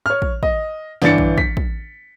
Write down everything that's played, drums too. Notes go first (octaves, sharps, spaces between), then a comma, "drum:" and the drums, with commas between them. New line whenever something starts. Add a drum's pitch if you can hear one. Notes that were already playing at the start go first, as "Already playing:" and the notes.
C#5 F6
drum: kick
D#5, drum: kick
G1 E3 D4 A6 C#7, drum: snare
drum: kick
B6, drum: kick
drum: kick